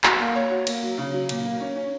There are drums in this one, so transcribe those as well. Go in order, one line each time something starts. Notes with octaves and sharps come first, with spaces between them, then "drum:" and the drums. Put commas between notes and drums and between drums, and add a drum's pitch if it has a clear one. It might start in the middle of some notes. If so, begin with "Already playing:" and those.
F#4, drum: clap
A#3
C#5
F#4
A#3, drum: cymbal
F#3
C#3
F#3
A#2, drum: cymbal
A#3
C#4
C#4